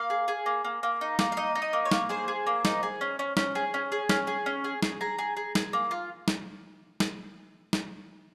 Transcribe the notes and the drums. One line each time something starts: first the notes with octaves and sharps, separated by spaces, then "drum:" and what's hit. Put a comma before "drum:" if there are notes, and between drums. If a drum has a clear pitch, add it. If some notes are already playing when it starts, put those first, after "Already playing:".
Already playing: A#3 F5
G#4
G#4
A#3
A#3
A#3
D#4
A#3, drum: snare
F5
D#4 D#5
D#4
D#5
A#3
C#5
A#3, drum: snare
G#4 C5
G#4
A#3
D#4, drum: snare
G#4
C#4
C#4
C#4, drum: snare
G#4
C#4
G#4
C#4, drum: snare
G#4
C#4
G#4
G#4, drum: snare
G#4 A#5
G#4
G#4
G#4, drum: snare
A#3
F4
drum: snare
drum: snare
drum: snare